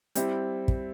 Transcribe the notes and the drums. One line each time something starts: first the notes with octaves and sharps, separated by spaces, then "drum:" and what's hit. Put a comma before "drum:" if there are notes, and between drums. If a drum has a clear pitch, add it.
G3 C4 E4, drum: hi-hat
drum: kick